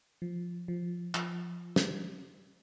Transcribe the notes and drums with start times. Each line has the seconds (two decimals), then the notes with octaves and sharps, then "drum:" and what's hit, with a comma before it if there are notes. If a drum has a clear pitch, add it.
0.22 F3
0.68 F3
1.15 F3, drum: clap
1.76 drum: snare